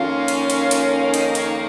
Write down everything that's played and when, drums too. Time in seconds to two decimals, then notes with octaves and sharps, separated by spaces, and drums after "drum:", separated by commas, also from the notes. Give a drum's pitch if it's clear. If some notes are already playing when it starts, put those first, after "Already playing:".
Already playing: F2 D#3 A#3 C#4 F4 F5
0.28 drum: hi-hat
0.50 drum: hi-hat
0.71 drum: hi-hat
1.01 F5
1.14 D#4 D#5, drum: hi-hat
1.35 C#4 C#5, drum: hi-hat